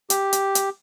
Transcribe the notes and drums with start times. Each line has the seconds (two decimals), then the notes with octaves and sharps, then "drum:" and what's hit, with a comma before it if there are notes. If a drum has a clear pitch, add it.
0.10 G4, drum: hi-hat
0.33 drum: hi-hat
0.55 drum: hi-hat